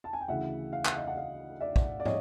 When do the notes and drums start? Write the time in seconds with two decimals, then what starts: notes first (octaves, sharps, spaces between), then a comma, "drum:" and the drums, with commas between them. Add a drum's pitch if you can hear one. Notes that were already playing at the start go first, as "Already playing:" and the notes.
0.04 A5
0.13 G#5
0.21 G5
0.28 D2 C#3 E3 E5 F#5
0.73 F5
0.85 F#5, drum: clap
0.96 D#5 F5
1.07 F#5
1.17 D#5 F5
1.60 D5 E5
1.76 drum: kick
2.00 D5
2.05 C#5 D#5, drum: tom